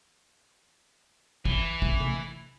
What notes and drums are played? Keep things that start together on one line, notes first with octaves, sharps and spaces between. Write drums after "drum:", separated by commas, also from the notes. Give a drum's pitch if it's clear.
E3, drum: kick
drum: kick
drum: tom C3